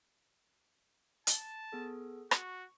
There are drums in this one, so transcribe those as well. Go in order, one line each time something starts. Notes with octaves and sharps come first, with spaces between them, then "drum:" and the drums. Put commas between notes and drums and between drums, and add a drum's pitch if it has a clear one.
A5, drum: hi-hat
B3 G#4 A4
F#4 C#6, drum: rim click